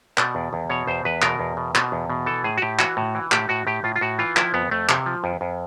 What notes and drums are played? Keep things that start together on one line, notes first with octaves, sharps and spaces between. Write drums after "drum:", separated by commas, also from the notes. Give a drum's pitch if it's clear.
B2 D5, drum: clap
E2
E2
B2 C#5
E2 C5
E2 B4
B2 A#4, drum: clap
E2
B2
B2, drum: clap
E2
B2
E3 A4
A2 G#4
F#4
A2 G4
E3 F#4, drum: clap
A2
E3
A2 G4, drum: clap
A2 F#4
A2 G4
A2 F4
F4
A2 F#4
E3 F4
F3 E4, drum: clap
F2 B3
F2 A3
C3, drum: clap
F3
F2
F2